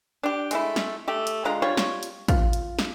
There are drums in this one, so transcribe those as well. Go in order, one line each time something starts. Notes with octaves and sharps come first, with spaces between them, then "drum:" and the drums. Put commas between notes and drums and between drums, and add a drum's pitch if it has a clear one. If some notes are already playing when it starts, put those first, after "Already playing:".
D4 G4
G#3 A3 E4, drum: hi-hat
drum: snare
A3 G4
drum: hi-hat
D3 G#3 F4 A#5
G3 F4 C#5 C#6
drum: snare
drum: hi-hat
F4, drum: kick, hi-hat
drum: hi-hat
drum: snare